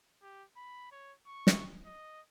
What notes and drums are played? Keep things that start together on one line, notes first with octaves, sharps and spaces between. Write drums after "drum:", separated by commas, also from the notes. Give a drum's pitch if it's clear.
G4
B5
C#5
C#6
drum: snare
D#5